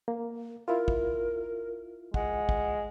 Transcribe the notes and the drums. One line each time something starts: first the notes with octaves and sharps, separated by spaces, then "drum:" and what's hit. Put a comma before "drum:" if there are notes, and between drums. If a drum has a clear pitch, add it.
A#3
E4 F4 A#4
drum: kick
G#3 F#5, drum: kick
drum: kick